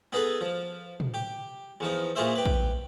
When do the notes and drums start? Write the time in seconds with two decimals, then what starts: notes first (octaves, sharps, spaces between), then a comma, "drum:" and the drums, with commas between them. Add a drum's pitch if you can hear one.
0.12 B3 D#4 G#4 A4 B4
0.41 F3
1.00 drum: tom
1.14 G4
1.80 E2 F3 D#4
2.15 A#1 A#2 F4 G#4 C5 E5
2.35 G4 B4
2.45 drum: kick